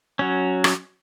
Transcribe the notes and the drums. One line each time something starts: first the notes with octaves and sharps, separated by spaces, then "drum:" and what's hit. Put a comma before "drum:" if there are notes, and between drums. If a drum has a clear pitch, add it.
F#3 C#4
drum: rim click